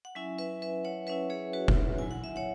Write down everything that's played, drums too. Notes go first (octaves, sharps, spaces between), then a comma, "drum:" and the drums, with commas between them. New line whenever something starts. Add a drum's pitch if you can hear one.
F#5
F#3 C#4 E4 E5 G#5
B4 E5
B4 E5
C#5 F#5
F#3 C#4 E4 B4 E5
G#4 C#5
F#4 B4
drum: kick F1
F#3 E4 G#5
F#5
E5
C#5 F#5